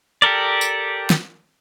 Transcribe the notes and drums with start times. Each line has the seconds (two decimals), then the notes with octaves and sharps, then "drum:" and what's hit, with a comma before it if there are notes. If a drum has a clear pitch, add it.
0.22 G4 A4 A#4 D5
0.61 drum: tambourine
1.10 drum: snare